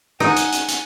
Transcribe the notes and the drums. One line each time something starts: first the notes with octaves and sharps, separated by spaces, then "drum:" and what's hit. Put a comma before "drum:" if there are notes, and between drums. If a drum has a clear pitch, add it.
D#4 F#5 G#5, drum: rim click
drum: hi-hat
drum: hi-hat
drum: hi-hat